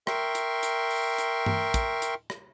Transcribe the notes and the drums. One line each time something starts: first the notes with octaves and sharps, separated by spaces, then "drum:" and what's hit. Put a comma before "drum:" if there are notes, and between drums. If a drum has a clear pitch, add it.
A#4 E5 G5 C6 C#6, drum: rim click
drum: hi-hat
drum: hi-hat
drum: open hi-hat
drum: hi-hat
drum: tom G2
drum: kick, hi-hat
drum: hi-hat
drum: rim click